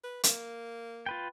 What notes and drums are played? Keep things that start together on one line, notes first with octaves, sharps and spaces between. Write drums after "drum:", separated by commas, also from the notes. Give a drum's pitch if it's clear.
B4
A#3, drum: hi-hat
F4 B4 G5